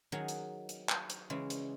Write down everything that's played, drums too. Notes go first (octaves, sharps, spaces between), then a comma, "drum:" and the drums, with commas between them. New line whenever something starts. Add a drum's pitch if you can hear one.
D#3 F#3 D#4 G#4 F#5
drum: hi-hat
drum: hi-hat
drum: clap
drum: hi-hat
C#3 E3 G#3
drum: hi-hat